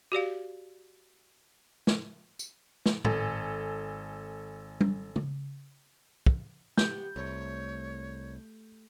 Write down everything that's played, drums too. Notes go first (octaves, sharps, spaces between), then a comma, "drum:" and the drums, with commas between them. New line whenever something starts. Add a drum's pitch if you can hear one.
F#4 G4 D5 F5
drum: snare
drum: tambourine
drum: snare
G#1 A4 G#5, drum: tom A2
drum: tom
drum: tom
drum: kick
B3 G4 C5 G6, drum: snare
C2 A3 C#5